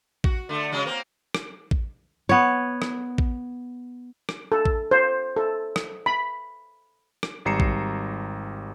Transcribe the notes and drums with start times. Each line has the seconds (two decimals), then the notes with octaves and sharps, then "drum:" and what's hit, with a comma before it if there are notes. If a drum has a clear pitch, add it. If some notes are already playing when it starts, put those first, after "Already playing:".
0.24 F#4, drum: kick A1
0.49 D3 A3
0.72 C#3 F#3 G#3
0.86 A#3 C4
1.34 drum: rim click
1.71 drum: kick A1
2.29 B3 C#5
2.82 drum: rim click
3.18 drum: kick A1
4.29 drum: rim click
4.52 A4
4.65 drum: kick A1
4.91 C5
5.37 A4
5.76 drum: rim click
6.06 B5
7.23 drum: rim click
7.45 G#1 G3 A#5 C7 C#7 E7
7.60 drum: kick A1